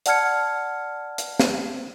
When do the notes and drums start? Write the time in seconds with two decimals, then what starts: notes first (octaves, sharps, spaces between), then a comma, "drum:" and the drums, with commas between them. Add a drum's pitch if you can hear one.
0.06 D5 F#5 A5 F6 G#6 C#7, drum: hi-hat
1.18 drum: hi-hat
1.39 drum: snare